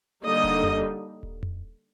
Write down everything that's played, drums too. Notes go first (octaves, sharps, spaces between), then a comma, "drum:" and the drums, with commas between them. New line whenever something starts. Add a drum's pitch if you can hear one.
D3 G3 A#3 D#4 D#5
drum: kick D#1
drum: tom F2
drum: kick D#1
drum: tom F2